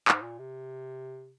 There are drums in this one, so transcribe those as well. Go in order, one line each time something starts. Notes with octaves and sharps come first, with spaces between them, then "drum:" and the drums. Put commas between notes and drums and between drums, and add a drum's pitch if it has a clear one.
G#2, drum: clap
A#2
C3